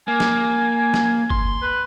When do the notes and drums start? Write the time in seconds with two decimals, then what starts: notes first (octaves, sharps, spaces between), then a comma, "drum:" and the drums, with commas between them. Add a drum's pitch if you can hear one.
0.08 A#3 G#5
0.20 drum: snare
0.94 drum: snare
1.30 C6, drum: kick
1.62 B4